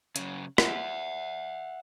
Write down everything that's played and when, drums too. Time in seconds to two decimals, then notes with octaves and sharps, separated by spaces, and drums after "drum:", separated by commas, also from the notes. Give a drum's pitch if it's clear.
0.16 F#2 C#3, drum: hi-hat
0.58 E5 F#5, drum: rim click